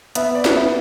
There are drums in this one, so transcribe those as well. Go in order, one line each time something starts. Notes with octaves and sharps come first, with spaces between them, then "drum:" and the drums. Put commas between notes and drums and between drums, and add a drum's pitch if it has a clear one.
B3 E5, drum: hi-hat
D5
B3, drum: snare
E5